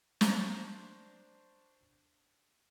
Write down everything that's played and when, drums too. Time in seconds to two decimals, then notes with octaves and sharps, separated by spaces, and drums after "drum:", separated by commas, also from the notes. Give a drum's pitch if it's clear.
0.21 D4 C5 A5 A#5 C#6, drum: snare